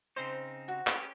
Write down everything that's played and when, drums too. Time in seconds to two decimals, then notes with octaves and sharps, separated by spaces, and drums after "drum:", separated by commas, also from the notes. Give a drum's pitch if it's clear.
0.16 C#3 C4 D#4 C5
0.68 F#4
0.87 C#4 G4, drum: clap